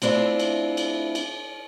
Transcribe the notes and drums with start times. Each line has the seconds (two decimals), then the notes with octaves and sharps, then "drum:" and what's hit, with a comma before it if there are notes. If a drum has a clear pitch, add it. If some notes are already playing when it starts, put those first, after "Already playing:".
0.02 A3 C4 D4 E4 F4, drum: cymbal
0.39 drum: cymbal
0.77 drum: cymbal
1.15 drum: cymbal